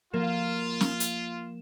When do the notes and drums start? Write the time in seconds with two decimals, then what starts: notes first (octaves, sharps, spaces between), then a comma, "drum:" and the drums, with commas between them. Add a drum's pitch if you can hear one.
0.14 F3 A#3 F4 E7
0.81 drum: snare
1.00 drum: hi-hat